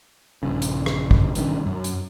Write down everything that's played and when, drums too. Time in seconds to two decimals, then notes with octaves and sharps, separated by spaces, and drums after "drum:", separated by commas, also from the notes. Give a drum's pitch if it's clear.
0.43 A#1 G2 C#3
0.62 drum: hi-hat
0.86 drum: rim click
1.11 drum: kick
1.35 G1 G2 D#3 C#4, drum: hi-hat
1.66 F#2
1.84 drum: hi-hat